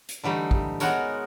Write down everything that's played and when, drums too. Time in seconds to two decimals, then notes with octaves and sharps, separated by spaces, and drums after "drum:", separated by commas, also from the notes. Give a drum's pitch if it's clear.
0.09 drum: hi-hat
0.24 D3 E3 G3 A3 D#4
0.51 drum: kick
0.80 G#3 B3 D#4 F#4 A#4 C#5, drum: tambourine